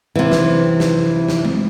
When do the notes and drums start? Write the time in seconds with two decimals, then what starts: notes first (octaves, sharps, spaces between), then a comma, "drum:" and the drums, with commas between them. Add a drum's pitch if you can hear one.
0.15 C3 E3
0.32 drum: snare
0.80 drum: snare
1.28 drum: snare
1.45 drum: tom G#3